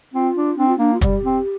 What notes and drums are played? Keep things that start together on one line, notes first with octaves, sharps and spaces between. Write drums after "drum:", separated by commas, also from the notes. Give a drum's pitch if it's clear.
C4 F4
D4
C4 D4
F4
A#3 D4
F4
G3 G4, drum: kick, hi-hat
C4